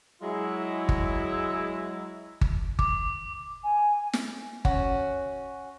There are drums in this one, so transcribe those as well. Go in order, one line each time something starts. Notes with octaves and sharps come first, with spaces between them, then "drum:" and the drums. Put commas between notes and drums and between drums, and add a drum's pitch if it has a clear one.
F#3 G#3 E4
drum: kick G1
drum: kick G1
D6, drum: kick G1
G#5
drum: snare
C#4 F#4, drum: kick G1